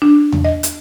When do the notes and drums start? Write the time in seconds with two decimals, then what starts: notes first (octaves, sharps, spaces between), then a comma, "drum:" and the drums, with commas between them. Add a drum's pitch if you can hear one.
0.02 D4
0.32 drum: tom E2
0.44 D#5
0.63 drum: hi-hat